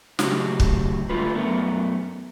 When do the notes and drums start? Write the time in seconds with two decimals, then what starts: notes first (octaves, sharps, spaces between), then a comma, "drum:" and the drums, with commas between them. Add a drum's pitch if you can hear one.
0.19 A2 C#3 F#3 E4 F#4 G4, drum: snare
0.60 drum: kick
1.10 D3 G3 A3 F4 B4
1.35 F#2 A3 B3 A#4